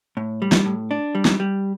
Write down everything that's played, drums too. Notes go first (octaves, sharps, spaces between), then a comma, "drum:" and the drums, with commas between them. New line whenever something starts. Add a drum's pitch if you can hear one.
A2
G3
drum: snare
A2
D4
G3
drum: snare
G3